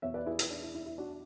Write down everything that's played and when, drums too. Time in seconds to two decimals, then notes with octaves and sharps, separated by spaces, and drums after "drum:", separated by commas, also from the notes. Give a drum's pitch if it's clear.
0.02 E2 B2 C#5 E5
0.14 B4 D5
0.26 E4 G#4
0.39 E4, drum: hi-hat
0.50 D4
0.63 E4
0.75 E4
0.86 E4
0.98 D4 F#4